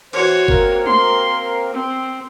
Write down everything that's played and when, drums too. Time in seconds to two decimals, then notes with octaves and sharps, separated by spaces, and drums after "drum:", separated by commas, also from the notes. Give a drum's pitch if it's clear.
0.13 E3 F#4 C5 C#5, drum: cymbal
0.48 A#3 C4 A#4, drum: kick G1
0.86 C6, drum: tom G#3
1.72 C4